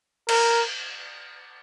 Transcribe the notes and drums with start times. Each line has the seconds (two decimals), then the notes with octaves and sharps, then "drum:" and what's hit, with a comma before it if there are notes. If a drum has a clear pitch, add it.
0.29 A#4, drum: cymbal